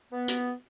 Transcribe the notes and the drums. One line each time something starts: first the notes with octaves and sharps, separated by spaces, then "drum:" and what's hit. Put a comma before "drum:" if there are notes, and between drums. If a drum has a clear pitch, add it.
B3
drum: hi-hat